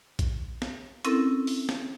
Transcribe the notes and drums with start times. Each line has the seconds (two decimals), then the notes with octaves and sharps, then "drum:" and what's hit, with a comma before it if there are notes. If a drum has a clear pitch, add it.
0.19 drum: kick A#1, hi-hat
0.62 drum: snare
1.05 C4 C#4 E4 A4 A#4, drum: hi-hat
1.47 drum: open hi-hat
1.69 drum: snare